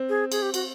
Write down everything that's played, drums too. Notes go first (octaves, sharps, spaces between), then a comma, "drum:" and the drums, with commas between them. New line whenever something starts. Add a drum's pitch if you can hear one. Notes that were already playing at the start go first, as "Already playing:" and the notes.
Already playing: C4
G#4
G#4, drum: cymbal
G4
F#4, drum: cymbal